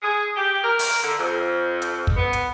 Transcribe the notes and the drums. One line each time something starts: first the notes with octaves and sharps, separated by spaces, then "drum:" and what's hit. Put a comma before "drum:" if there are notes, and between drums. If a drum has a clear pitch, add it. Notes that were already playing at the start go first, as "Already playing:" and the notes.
G#4
G4
A#4
drum: open hi-hat
D3
F2
drum: hi-hat
drum: kick
B3
drum: hi-hat